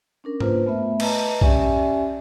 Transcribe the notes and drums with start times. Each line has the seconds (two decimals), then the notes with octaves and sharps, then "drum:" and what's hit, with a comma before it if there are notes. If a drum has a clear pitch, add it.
0.24 C#4 D4 A#4
0.40 A#3 F4 B4 C5, drum: tom G#2
0.66 A3 B3 E5
1.00 B4 D#5 A5 A#5, drum: cymbal
1.41 C#4 G4 D5 E5 G#5, drum: kick B1